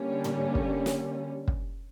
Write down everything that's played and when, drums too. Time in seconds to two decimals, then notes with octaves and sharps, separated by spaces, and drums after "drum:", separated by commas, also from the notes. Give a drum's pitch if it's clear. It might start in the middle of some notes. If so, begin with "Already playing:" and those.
Already playing: D3 G3 A#3 C#4
0.24 drum: tom
0.55 drum: kick
0.86 drum: snare
1.48 drum: kick